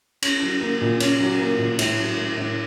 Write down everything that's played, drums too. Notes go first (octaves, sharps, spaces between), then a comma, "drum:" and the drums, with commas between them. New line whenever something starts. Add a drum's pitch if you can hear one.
C#4, drum: cymbal
F#3
A#3
A#2
C#4, drum: cymbal
F#3
A#3
A#2
A2, drum: cymbal
F#3
A3
A2